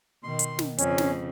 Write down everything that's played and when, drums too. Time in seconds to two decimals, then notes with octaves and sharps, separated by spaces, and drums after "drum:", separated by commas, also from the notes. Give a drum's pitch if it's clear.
0.23 B2 D#3 C6
0.39 drum: hi-hat
0.59 drum: snare
0.78 F2 C#3 C#4, drum: hi-hat
0.98 drum: snare